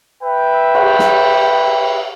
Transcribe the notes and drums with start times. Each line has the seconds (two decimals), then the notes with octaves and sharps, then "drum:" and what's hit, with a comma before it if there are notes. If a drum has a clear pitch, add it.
0.22 B4 E5 G5
0.75 drum: cymbal
0.99 drum: snare